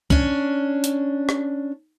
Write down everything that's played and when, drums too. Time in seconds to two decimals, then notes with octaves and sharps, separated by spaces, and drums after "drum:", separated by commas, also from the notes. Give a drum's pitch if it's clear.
0.10 C#4 D4, drum: kick
0.84 drum: hi-hat
1.29 drum: rim click